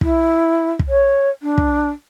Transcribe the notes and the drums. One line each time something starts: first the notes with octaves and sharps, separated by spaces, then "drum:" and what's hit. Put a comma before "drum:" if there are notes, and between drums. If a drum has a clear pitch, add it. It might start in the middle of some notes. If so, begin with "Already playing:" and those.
E4, drum: kick
drum: kick
C#5
D4
drum: kick